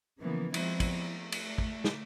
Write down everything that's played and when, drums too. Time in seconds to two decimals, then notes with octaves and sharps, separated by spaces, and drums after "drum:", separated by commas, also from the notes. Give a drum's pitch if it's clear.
0.20 C#3 E3 F3 A#3 B3
0.54 F3 G#3 B3 C4 E4, drum: cymbal
0.80 drum: kick, cymbal
1.11 A3
1.32 drum: cymbal
1.58 drum: kick
1.84 drum: snare